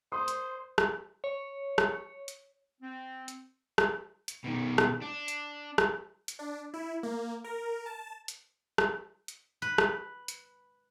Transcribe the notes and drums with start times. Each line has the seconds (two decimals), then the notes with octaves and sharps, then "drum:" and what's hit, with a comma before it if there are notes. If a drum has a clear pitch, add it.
0.12 C5 C6 D#6
0.28 drum: hi-hat
0.78 drum: rim click
1.24 C#5
1.78 drum: rim click
2.28 drum: hi-hat
2.81 C4
3.28 drum: hi-hat
3.78 drum: rim click
4.28 drum: hi-hat
4.44 B2 D#3
4.78 drum: rim click
5.02 D4
5.28 drum: hi-hat
5.78 drum: rim click
6.28 drum: hi-hat
6.39 D4
6.74 E4
7.03 A#3
7.44 A#4
7.86 A5
8.28 drum: hi-hat
8.78 drum: rim click
9.28 drum: hi-hat
9.62 B4
9.78 drum: rim click
10.28 drum: hi-hat